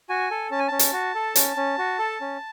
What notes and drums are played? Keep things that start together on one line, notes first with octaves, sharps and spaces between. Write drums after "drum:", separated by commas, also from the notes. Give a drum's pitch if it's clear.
F#4 G#5
A4
C#4 A5
G#5
C#4 A5
drum: hi-hat
F#4
A4
C#4, drum: hi-hat
C#4
F#4
A4
C#4